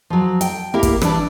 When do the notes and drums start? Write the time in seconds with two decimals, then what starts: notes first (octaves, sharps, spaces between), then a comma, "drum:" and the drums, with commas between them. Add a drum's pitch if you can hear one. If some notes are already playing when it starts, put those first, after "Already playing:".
0.10 F3 F#3
0.41 G5, drum: hi-hat
0.74 A#3 E4 G4 A#4
0.83 drum: kick, hi-hat
1.01 E3 G3 D4, drum: rim click